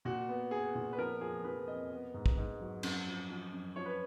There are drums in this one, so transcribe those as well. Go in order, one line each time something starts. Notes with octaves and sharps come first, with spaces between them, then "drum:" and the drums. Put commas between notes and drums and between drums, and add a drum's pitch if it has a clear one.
A#2 F#4
B3
B3 G#4
A#2
B4
F3 A#4
F3 G#4
F3 B4
F2 D#5
B3
G#2
drum: kick
G#2
F#3
F#2, drum: cymbal
F3
F3
F#2
F3 C#5
B4